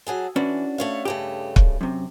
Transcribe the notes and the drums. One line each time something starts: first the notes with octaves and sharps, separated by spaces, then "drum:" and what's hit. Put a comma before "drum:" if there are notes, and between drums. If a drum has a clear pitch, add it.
F#3 G#4 A4
E3 C#4 D4 F#4
A3 C#5 F5
G2 C#3 A3 G4
drum: kick
F#2 C3